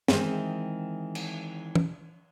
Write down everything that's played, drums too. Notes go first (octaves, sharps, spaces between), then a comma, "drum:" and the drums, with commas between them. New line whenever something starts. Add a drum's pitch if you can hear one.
D#3 E3 G#3 C4 E4, drum: snare
drum: cymbal
drum: tom